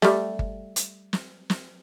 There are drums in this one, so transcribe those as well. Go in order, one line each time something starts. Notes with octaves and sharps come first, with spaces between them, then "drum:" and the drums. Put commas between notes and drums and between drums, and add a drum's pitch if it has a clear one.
G3 A3, drum: snare
drum: kick G1
drum: hi-hat
drum: snare
drum: snare